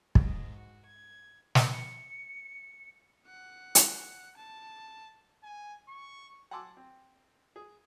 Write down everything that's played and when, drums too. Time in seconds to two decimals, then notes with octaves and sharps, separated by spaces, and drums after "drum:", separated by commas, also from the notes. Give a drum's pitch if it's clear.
0.15 G#2, drum: kick
0.55 F#4
0.86 G#6
1.55 drum: snare
1.73 C#7
3.27 F#5
3.75 drum: hi-hat
4.37 A5
5.43 G#5
5.88 C#6
6.51 F#5 G#5 A5 C6 D6 E6
6.77 C4
7.56 G#4